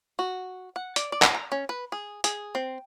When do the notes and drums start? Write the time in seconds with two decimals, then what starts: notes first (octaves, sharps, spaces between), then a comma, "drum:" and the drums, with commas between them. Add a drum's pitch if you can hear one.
0.19 F#4
0.76 F#5
0.96 D5, drum: hi-hat
1.12 D5
1.22 drum: clap
1.35 A#5
1.52 C#4
1.69 B4
1.92 G#4
2.24 G#4, drum: hi-hat
2.55 C4